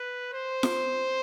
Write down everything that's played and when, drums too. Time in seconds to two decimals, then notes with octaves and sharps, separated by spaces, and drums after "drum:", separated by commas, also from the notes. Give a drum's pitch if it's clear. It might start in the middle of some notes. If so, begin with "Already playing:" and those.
Already playing: B4
0.33 C5
0.63 drum: snare F4